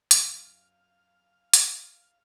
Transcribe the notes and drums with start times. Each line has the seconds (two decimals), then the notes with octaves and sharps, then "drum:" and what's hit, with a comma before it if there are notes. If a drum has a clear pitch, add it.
0.11 F#2 F5 B6, drum: hi-hat
1.54 drum: hi-hat